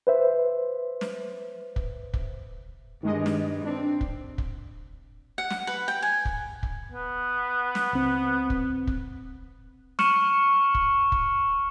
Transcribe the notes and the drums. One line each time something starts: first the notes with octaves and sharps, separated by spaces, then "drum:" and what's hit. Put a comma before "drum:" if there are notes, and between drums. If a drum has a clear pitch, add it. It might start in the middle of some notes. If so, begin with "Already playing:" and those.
B4 C5 E5
drum: snare
drum: kick
drum: kick
G2 D#3 G#3 D#5
drum: snare
C4 D4
drum: kick
drum: kick
F#5
drum: snare
B4
G5
G#5
drum: kick
drum: kick
B3
drum: snare
C#2 C4
drum: kick
drum: kick
C#6 F6 C#7 E7 F#7, drum: snare
drum: kick
drum: kick